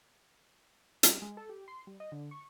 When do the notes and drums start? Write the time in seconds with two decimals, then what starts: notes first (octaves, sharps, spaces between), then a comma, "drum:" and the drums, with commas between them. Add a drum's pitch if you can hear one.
1.03 G3, drum: hi-hat
1.22 G#3
1.37 A4
1.49 G4
1.68 C6
1.87 G3
2.00 D#5
2.12 D3
2.31 C#6